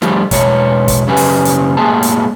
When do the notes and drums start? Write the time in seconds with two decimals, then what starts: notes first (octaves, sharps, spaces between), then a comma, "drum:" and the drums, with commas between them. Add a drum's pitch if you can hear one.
0.02 D3 F3 G3 A3 G4, drum: snare
0.31 E2 B2 G#3 C#5, drum: kick, hi-hat
0.88 drum: kick, hi-hat
1.07 F#2 C#3 C#4 G4 B4 G#5
1.17 drum: open hi-hat
1.45 drum: hi-hat
1.77 A2 G#3 A#3 G#4 G#5 A5
2.03 drum: hi-hat